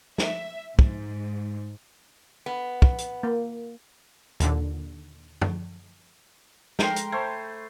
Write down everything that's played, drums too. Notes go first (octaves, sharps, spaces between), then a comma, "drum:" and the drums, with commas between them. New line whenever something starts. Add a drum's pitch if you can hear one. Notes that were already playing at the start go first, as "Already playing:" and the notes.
E5, drum: snare
G#2, drum: kick
B3
drum: kick
drum: hi-hat
A#3
D#2 A#2 D3, drum: hi-hat
drum: tom F#2
G#3 A4 A#4 G5 G#5 A#5 C6, drum: snare
drum: hi-hat
A3 C5 B5 C#6 G#6